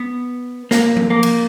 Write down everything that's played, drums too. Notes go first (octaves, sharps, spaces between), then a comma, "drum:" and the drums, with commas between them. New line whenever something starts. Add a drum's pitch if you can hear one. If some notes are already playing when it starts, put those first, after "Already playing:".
Already playing: B3
A#3, drum: snare
drum: tom F3
A#3
drum: cymbal